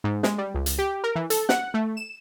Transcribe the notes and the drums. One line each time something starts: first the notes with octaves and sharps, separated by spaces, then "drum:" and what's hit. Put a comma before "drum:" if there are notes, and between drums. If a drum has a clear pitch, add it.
G#2
G#3, drum: snare
G3
C#2
drum: hi-hat
G4
A#4
E3
A4, drum: hi-hat
F#5, drum: snare
A3
E7